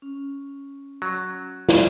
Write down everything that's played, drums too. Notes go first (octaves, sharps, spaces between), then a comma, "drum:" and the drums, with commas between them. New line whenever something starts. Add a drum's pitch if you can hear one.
C#4
F#3
drum: snare